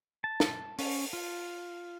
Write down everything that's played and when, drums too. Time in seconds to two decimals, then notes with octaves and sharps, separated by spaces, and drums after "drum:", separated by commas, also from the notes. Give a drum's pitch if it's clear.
0.24 A5
0.40 drum: snare
0.79 C#4, drum: open hi-hat
1.13 F4